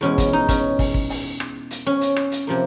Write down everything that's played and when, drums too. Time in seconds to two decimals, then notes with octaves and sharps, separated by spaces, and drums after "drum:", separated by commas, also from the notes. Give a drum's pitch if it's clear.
0.01 E2 B2 G#3 C#4
0.18 drum: kick, hi-hat
0.33 D#4
0.49 C#4, drum: kick, hi-hat
0.79 drum: kick, open hi-hat
0.94 drum: kick
1.10 drum: open hi-hat
1.40 drum: rim click
1.71 drum: hi-hat
1.86 C#4
2.01 drum: hi-hat
2.16 drum: rim click
2.32 drum: hi-hat
2.47 C3 F3 A#3